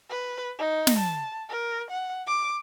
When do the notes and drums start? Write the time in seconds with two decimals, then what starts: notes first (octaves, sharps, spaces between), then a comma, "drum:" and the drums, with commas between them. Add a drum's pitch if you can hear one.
0.10 B4
0.59 D#4
0.87 drum: snare
0.99 A5
1.50 A#4
1.91 F#5
2.27 D6